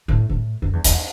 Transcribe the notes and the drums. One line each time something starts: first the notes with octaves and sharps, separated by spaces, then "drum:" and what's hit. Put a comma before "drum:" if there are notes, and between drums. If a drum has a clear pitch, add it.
A2
A2
F#2
E2
E2, drum: hi-hat